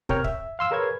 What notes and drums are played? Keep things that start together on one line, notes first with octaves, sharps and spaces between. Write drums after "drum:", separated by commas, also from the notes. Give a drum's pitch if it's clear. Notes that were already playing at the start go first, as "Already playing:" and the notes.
C3 A#4 C#5 G5 F6, drum: kick
E5, drum: kick
F5 C6 E6
G#4 A#4 B4 C#5 G#6